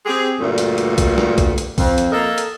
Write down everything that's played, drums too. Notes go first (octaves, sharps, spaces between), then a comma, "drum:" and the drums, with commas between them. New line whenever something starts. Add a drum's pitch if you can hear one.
C4 G4 G#4
D2 G2 A#2 A3
drum: hi-hat
drum: hi-hat
drum: kick B1, hi-hat
drum: snare
drum: kick B1, hi-hat
drum: hi-hat
F2, drum: kick B1, open hi-hat
drum: hi-hat
A#3 A4 A#4 D#5
drum: hi-hat